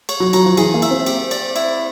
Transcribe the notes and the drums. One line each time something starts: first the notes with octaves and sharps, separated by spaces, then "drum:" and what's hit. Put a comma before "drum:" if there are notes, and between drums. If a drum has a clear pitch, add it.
C#5, drum: cymbal
F#3
F#3 A#5, drum: cymbal
F3
E3 G#4, drum: cymbal
A#3
E5, drum: cymbal
C4
G4, drum: cymbal
D5, drum: cymbal
E4, drum: cymbal